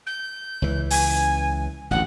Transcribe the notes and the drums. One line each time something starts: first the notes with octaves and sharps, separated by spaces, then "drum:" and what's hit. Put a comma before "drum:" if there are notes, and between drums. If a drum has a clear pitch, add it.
G6
C#2 E3
G#5, drum: open hi-hat
A1 D2 F#5